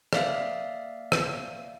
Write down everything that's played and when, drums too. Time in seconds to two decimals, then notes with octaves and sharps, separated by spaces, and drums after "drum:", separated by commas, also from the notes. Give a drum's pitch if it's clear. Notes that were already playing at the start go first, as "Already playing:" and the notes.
0.13 A#3 D5 E5 F5, drum: rim click
1.12 drum: rim click